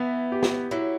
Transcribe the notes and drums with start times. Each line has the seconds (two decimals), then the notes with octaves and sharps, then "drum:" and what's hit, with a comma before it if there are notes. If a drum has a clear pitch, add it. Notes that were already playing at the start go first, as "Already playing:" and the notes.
Already playing: E3 B3
0.32 G4
0.43 drum: snare
0.71 F#3 E4